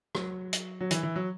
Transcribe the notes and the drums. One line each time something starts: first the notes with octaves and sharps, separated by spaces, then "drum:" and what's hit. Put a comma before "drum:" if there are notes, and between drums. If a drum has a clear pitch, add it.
F#3, drum: rim click
drum: hi-hat
F#3
E3, drum: hi-hat
E3
F#3